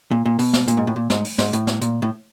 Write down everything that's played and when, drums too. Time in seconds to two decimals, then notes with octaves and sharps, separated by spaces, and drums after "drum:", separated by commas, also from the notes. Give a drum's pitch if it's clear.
0.11 A#2
0.26 A#2
0.39 B2, drum: open hi-hat
0.53 drum: snare
0.68 A#2, drum: hi-hat
0.77 G#2
0.87 A2
0.96 A#2
1.10 G#2, drum: snare
1.24 drum: open hi-hat
1.38 G#2, drum: snare
1.53 A2, drum: hi-hat
1.67 drum: snare
1.81 A#2, drum: hi-hat
2.02 A2